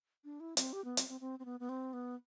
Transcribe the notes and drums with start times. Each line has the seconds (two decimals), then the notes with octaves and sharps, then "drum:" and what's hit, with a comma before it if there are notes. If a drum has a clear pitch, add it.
0.24 D4
0.40 E4
0.57 C4, drum: hi-hat
0.73 G4
0.85 B3
0.97 C4, drum: hi-hat
1.09 C4
1.21 C4
1.39 C4
1.45 B3
1.60 B3
1.69 C4
1.93 B3